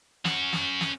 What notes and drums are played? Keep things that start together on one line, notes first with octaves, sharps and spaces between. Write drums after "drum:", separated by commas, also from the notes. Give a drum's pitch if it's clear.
C#4 F#5, drum: snare
drum: snare
drum: snare